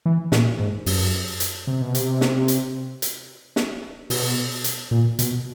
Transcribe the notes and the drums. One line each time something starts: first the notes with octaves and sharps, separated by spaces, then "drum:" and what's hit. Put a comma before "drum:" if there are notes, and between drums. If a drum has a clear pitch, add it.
E3
A#2, drum: snare
G#2
F#2, drum: open hi-hat
drum: hi-hat
C3
B2
C3, drum: hi-hat
drum: snare
drum: hi-hat
drum: hi-hat
drum: snare
B2, drum: open hi-hat
drum: hi-hat
A#2
B2, drum: hi-hat